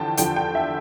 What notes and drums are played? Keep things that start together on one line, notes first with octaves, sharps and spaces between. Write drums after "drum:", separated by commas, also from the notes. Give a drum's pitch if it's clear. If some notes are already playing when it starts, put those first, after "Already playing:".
Already playing: E2 D3 F3 G5 A5
E2 D3 F3 G5, drum: hi-hat
G5
E5